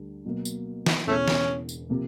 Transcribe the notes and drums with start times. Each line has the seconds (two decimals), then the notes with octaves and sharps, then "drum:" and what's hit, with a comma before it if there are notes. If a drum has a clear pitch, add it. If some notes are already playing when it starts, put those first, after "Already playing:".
Already playing: D2 D3 G3
0.25 B2 F#3 A#3
0.45 drum: tambourine
0.86 drum: snare
1.07 E1 E2 C#3 A3 C#4
1.28 drum: snare
1.69 drum: tambourine
1.89 C3 F3 A#3